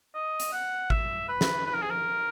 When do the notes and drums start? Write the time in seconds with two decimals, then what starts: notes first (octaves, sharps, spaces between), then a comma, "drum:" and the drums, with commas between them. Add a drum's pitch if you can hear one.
0.15 D#5
0.40 drum: hi-hat
0.53 F#5
0.90 E5, drum: kick G#1
1.29 B4
1.41 drum: snare
1.66 B4
1.75 A#4
1.82 G#4
1.90 A#4